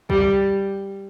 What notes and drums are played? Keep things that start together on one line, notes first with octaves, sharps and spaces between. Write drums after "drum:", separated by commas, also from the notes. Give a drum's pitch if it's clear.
G3, drum: kick